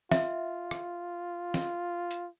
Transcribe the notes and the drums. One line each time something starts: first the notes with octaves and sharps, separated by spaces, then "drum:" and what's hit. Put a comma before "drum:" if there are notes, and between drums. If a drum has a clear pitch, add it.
F4 E5, drum: snare
drum: rim click
drum: snare
drum: hi-hat